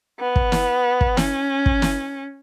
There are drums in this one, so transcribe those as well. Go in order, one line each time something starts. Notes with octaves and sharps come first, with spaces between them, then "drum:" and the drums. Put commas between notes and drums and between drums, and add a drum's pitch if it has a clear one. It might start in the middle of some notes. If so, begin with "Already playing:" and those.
B3
drum: kick
drum: snare
drum: kick
C#4, drum: snare
drum: kick
drum: snare